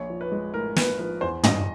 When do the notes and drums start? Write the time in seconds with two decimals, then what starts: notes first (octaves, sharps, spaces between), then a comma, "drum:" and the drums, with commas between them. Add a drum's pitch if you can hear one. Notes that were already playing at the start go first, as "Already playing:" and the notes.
Already playing: A#1 C#5
0.10 F3
0.21 B4
0.32 G#3
0.54 A2 A#4
0.76 A#1 B4, drum: snare
0.99 F3 B4
1.21 E2 C5
1.44 G3 D#5, drum: tom